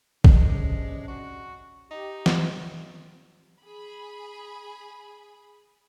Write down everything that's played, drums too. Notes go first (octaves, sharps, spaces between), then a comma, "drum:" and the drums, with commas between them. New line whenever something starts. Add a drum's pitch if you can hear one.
C3 G#3 C#4 D4, drum: kick
F#4
D#4 G4
drum: snare
G#4 B5